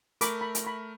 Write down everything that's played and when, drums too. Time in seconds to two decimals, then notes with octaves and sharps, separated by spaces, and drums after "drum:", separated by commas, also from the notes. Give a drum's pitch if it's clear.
0.21 A3 A#4 B5 C#6 D6, drum: hi-hat
0.41 B5
0.55 drum: hi-hat
0.64 B5 C#6